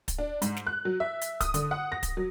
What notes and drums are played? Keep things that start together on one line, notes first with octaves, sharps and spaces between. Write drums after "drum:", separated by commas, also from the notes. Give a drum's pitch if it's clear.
drum: kick, hi-hat
D4
G#2, drum: hi-hat
drum: snare
F#6
F#3
E5
drum: hi-hat
D#6, drum: kick, hi-hat
D3, drum: hi-hat
F#5
A#6
drum: kick, hi-hat
F#3